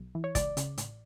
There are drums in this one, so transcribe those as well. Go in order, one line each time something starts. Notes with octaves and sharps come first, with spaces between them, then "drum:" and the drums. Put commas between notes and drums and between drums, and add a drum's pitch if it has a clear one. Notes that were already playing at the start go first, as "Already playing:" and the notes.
Already playing: B1
E3
C#5
C#2 D5, drum: kick, hi-hat
C#3, drum: hi-hat
A1, drum: hi-hat